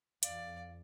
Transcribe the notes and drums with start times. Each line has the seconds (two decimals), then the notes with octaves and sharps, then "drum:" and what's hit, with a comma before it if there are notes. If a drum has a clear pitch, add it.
0.23 F2 D5 F5, drum: hi-hat